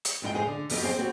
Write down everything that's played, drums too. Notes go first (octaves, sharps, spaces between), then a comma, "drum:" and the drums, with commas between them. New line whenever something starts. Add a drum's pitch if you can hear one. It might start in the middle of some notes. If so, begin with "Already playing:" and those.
drum: hi-hat
F2 G#2 E4 D#5 G5
G#2 G#4 B4 F5
D3
F#2 F3 B3 G4 D#5, drum: open hi-hat
C4 G#4 C5 G5
B3 C4 F#4 G4